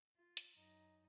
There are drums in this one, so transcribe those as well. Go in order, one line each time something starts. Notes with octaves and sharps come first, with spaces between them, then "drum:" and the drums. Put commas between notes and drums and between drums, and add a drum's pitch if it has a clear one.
F4
drum: hi-hat
F#2 D#4